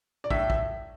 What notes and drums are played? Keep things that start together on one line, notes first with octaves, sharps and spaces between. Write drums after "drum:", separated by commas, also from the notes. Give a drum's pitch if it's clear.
D5
A2 E5, drum: kick
drum: kick